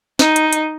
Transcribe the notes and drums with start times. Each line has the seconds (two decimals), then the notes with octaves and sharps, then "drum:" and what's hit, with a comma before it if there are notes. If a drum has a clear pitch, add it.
0.19 D#4, drum: snare
0.36 drum: hi-hat
0.53 drum: hi-hat